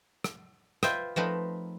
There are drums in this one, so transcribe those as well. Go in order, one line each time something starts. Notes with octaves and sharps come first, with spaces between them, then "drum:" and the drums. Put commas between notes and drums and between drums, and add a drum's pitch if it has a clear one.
drum: rim click
F4 B4 C5 D#5 E5 G5, drum: rim click
F3 A3 C4 D#4 A#4 B4